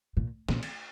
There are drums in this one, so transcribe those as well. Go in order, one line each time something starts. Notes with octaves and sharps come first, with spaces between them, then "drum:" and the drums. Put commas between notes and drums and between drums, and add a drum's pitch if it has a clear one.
A#2
A#2, drum: snare
drum: cymbal